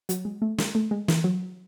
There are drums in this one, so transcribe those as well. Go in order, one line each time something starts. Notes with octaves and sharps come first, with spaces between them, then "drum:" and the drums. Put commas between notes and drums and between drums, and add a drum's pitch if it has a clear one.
F#3, drum: hi-hat
G#3
A3
G#3, drum: snare
A3
G#3
E3, drum: snare
F#3